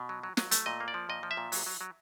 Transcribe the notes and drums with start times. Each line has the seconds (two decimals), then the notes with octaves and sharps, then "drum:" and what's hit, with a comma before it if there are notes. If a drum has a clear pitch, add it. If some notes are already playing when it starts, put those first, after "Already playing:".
Already playing: B2
0.09 F#3
0.23 F#3
0.37 F#3, drum: snare
0.51 A3, drum: hi-hat
0.66 A#2 D#5
0.80 A#3
0.88 D5
0.94 F3
1.09 A#2 D#5
1.23 F3
1.31 E5
1.37 A#2
1.52 F#3, drum: open hi-hat
1.66 F#3
1.81 F#3